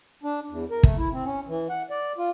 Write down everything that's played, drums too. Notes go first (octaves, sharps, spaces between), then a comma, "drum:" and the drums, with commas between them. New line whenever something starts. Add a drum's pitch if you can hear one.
D4
E2
A#4
A3, drum: kick
E4
C4
C#4
E3
F#5
D5
F4